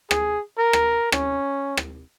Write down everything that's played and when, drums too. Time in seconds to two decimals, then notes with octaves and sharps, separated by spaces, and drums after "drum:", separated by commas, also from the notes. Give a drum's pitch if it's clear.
0.11 G#4, drum: rim click
0.58 A#4
0.73 drum: rim click
1.12 C#4, drum: rim click
1.77 drum: rim click